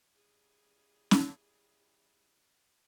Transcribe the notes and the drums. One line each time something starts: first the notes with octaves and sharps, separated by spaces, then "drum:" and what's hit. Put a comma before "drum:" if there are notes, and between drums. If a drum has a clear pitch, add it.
G3 C#4 E4 G#4
drum: snare C#4